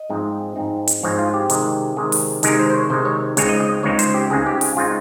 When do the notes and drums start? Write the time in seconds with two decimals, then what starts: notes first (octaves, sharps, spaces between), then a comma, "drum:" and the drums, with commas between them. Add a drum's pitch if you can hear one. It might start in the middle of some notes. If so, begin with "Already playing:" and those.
Already playing: D#5
0.10 G#2 F3 G#3 C4 D#4
0.56 G#2 F3 G#3 C4 D#4
0.87 drum: hi-hat
1.03 G#2 F3 G#3 C4 D#4 C#5
1.18 F4
1.34 G4
1.50 C3 D#3 G#3 D#4, drum: hi-hat
1.97 C3 D#3 G#3 D#4
2.12 drum: open hi-hat
2.43 C3 D#3 G#3 D#4 A#4, drum: hi-hat
2.59 C5
2.70 C5
2.75 C#5
2.90 C3 D#3 G#3 D#4 C5
3.05 C#5
3.37 C#2 C#3 G#3 C4 D#4 C#5, drum: hi-hat
3.49 D#5
3.60 D#5
3.83 C#2 C#3 G#3 C4 D#4 C#5
3.99 C5, drum: hi-hat
4.14 G4
4.30 C#2 C#3 G#3 C4 D#4 G#4
4.46 G4
4.61 G#4, drum: open hi-hat
4.77 C#3 G#3 C4 D#4 F4